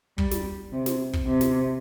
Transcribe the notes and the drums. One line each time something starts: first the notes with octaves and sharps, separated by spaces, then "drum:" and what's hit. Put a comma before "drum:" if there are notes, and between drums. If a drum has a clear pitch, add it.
G3, drum: kick
drum: snare
C3
drum: snare
drum: kick
C3
drum: snare